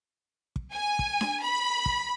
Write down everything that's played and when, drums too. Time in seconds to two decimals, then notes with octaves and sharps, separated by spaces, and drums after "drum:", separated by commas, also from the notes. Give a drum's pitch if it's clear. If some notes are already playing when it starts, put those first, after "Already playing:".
0.56 drum: kick
0.73 G#5
0.99 drum: kick
1.21 drum: snare D4
1.42 B5
1.86 drum: kick